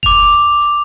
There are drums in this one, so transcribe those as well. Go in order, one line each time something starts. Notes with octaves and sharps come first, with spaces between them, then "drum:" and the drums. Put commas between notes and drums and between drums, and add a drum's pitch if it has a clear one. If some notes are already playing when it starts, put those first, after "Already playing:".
D6 F7, drum: kick F1, hi-hat
drum: hi-hat
drum: open hi-hat